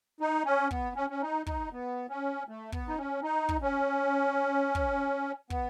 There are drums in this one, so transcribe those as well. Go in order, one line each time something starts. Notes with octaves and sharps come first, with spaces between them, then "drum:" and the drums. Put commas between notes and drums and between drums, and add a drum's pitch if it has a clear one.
D#4
C#4
B3, drum: kick
C#4
C#4
D#4
D#4, drum: kick
B3
C#4
A3
B3, drum: kick
D#4
C#4
D#4
drum: kick
C#4
drum: kick
B3, drum: kick